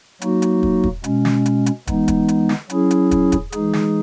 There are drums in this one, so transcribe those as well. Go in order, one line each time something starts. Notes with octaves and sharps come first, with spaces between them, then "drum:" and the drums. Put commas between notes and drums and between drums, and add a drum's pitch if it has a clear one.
F#3 A#3 D#4 F#4, drum: hi-hat
drum: hi-hat
drum: kick
drum: kick
B2 G#3 C#4, drum: hi-hat
drum: snare
drum: hi-hat
drum: hi-hat
E3 G#3 B3 D#4, drum: kick, hi-hat
drum: kick, hi-hat
drum: hi-hat
drum: snare
F#3 C#4 E4 G#4, drum: hi-hat
drum: hi-hat
drum: kick, hi-hat
drum: kick, hi-hat
E3 G#3 D#4 G#4, drum: hi-hat
drum: snare